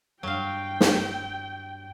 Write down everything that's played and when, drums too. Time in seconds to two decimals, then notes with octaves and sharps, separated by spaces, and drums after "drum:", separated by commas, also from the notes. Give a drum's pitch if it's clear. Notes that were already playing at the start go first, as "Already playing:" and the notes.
0.23 G2 F#3 F5 G5
0.81 drum: snare